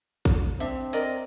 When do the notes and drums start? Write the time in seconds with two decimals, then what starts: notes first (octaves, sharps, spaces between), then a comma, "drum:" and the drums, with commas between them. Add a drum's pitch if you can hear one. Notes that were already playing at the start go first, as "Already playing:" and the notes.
0.25 drum: kick A1, hi-hat
0.60 C4 D4 E5, drum: hi-hat
0.93 A#4 D5 D#5, drum: hi-hat